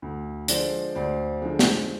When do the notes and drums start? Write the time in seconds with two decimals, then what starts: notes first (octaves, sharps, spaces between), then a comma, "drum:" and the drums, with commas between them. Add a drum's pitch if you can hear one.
0.02 D2
0.48 D3 F3 G#3 C5 D5, drum: hi-hat
0.95 D2 C5 D5
1.42 D3 F3 G#3
1.59 drum: snare